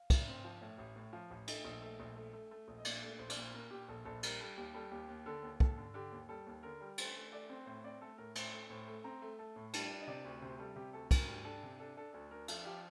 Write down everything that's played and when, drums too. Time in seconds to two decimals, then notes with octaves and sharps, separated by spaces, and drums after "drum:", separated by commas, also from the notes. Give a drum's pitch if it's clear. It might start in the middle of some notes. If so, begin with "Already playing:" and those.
Already playing: F5
0.10 A1, drum: kick, cymbal
0.28 C4
0.44 F3
0.61 A2
0.78 A1
0.96 A2
1.13 F3
1.31 A1
1.48 A3 D#5, drum: cymbal
1.65 A#1
1.82 A3
2.00 A#1
2.16 A3
2.33 A3
2.51 A3
2.68 A#1
2.78 D#5
2.85 A#2 D5, drum: cymbal
3.02 A3
3.19 A#1 C5
3.30 D5, drum: cymbal
3.37 A#2 C5
3.54 A#2 A#4
3.71 A#2 G4
3.88 A#1 A4
4.05 A#1 A4
4.23 G3 A#4, drum: cymbal
4.40 G3 A4
4.57 D#2 G4
4.74 G3 A4
4.91 D#2 G4
5.08 D#2
5.26 D3 A4
5.43 D#2
5.60 D#2 A4, drum: kick
5.77 D3
5.94 D3 G4
6.12 D#2
6.29 G3 A4
6.46 D#2
6.63 D3 A#4
6.81 G3
6.98 A3 C5, drum: cymbal
7.15 A3
7.32 A3 D5
7.50 C4
7.66 A2 C5
7.84 C4 D5
8.01 A3 A4
8.18 A2 A#4
8.35 A2 C5, drum: cymbal
8.53 A3
8.70 A2 C5
8.88 A3
9.04 C4 A#5
9.22 A3
9.39 A3 A5
9.56 A2
9.73 G3 A5, drum: cymbal
9.90 D4
10.01 D#5
10.07 C3 D5
10.24 D2
10.42 C3 C5
10.59 G3 A4
10.76 C3 G4
10.93 D2 A4
11.11 D2 A#4, drum: kick, cymbal
11.28 G3
11.44 D4 A4
11.63 C3
11.79 D4 A4
11.97 D4 A4
12.13 D2 A4
12.31 D4 A#4
12.48 F3 A4, drum: cymbal
12.65 F3 G4